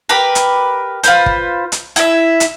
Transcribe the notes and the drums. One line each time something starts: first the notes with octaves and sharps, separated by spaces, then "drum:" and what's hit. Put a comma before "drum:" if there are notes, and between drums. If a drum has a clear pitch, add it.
G4 A#4 B4
drum: hi-hat
F4 B4 C5, drum: hi-hat
drum: kick
drum: hi-hat
E4 E5, drum: hi-hat
drum: hi-hat